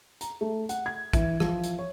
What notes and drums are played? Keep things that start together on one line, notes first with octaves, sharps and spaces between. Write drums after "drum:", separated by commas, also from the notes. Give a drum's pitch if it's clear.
A#5, drum: hi-hat
A3
F#5, drum: hi-hat
G#6
E3, drum: kick, hi-hat
F3, drum: rim click
drum: hi-hat
C#5